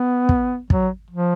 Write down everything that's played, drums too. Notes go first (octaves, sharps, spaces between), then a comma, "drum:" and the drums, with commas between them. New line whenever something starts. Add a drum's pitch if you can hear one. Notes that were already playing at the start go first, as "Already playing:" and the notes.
Already playing: B3
drum: kick
F#3, drum: kick
F3